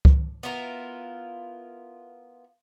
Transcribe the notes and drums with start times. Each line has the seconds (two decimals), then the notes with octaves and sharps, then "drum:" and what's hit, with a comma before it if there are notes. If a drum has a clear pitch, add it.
0.05 drum: kick C#2
0.43 B3 E4 F4 A#4